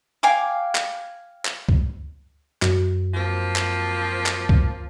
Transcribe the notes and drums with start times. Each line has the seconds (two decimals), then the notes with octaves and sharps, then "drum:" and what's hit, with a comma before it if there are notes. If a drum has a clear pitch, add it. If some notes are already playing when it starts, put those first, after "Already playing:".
0.23 F5 G5 G#5 D6
0.75 drum: clap
1.45 drum: clap
1.69 drum: kick C#2
2.62 F#2, drum: clap
3.15 F3 A#3 C4
3.56 drum: clap
4.26 drum: clap
4.49 drum: kick C#2